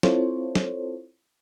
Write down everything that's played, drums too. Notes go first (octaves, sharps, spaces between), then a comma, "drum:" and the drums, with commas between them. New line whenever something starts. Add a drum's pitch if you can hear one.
C4 E4 F4 A4 C5 C#5, drum: snare
drum: snare